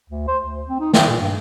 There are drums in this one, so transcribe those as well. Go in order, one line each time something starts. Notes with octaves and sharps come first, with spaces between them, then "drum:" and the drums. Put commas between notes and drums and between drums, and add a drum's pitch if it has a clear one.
D2
C5
D2
C4
D#4
D#3, drum: snare
A#2
G2